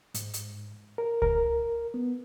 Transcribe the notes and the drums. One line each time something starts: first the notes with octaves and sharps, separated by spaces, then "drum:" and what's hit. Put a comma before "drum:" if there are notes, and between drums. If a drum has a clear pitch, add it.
G#2, drum: hi-hat
drum: hi-hat
A#4
A#4, drum: kick C#2
B3